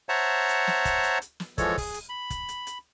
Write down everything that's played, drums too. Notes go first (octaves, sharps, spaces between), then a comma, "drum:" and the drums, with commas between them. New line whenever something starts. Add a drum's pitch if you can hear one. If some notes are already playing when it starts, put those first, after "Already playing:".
C5 C#5 E5 F#5 A5 A#5
drum: hi-hat
drum: snare
drum: kick, hi-hat
drum: hi-hat
drum: hi-hat
drum: snare
E3 F3 G#3 A4 C#5, drum: kick, hi-hat
G#4, drum: kick, open hi-hat
drum: hi-hat
B5
drum: kick, hi-hat
drum: hi-hat
drum: hi-hat